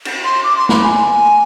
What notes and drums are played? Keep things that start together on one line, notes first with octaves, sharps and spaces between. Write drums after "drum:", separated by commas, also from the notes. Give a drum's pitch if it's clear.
drum: cymbal
C6
D6
C6
B5, drum: snare
G#5